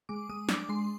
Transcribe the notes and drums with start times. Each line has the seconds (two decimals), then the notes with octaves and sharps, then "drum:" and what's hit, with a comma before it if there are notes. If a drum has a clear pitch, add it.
0.09 G#3 D6
0.29 G#3 D#6
0.49 D4 D6, drum: snare
0.69 G#3 C6